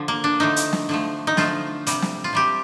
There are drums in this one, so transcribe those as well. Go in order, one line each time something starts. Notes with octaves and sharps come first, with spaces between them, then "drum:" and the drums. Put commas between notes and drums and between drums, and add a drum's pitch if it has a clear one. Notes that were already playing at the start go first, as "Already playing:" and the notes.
Already playing: D3 F3
A#3
D4
D3 F3 A3 D#4
drum: hi-hat
drum: snare
D3 F3 A3
D#4
D3 F3 A3 F4, drum: snare
C3 G3, drum: hi-hat
drum: snare
F4
C3 G3 G4